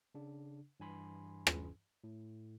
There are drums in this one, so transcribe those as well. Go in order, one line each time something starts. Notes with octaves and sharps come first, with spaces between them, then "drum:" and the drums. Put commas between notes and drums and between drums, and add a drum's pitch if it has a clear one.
C#3 D4
G2 E3 G#5 B5 C6
drum: rim click
A2